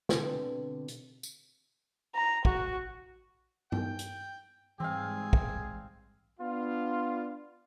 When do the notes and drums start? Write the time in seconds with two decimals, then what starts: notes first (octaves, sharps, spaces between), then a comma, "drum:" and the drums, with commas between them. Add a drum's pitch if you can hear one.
0.09 B2 D3 G3 C4, drum: snare
0.88 drum: hi-hat
1.23 drum: tambourine
2.15 A#5
2.45 F#4, drum: kick
3.72 G5, drum: tom G2
3.99 drum: hi-hat
4.80 G#2 E3 G3 C4 G#4 F5
5.33 drum: kick
6.40 B3 D4 F4